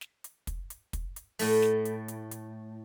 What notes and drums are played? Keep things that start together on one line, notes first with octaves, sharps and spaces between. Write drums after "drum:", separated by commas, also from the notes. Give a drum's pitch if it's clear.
drum: snare
drum: hi-hat
drum: kick, hi-hat
drum: hi-hat
drum: kick, hi-hat
drum: hi-hat
A2 A3, drum: open hi-hat
drum: snare
drum: hi-hat
drum: hi-hat
drum: hi-hat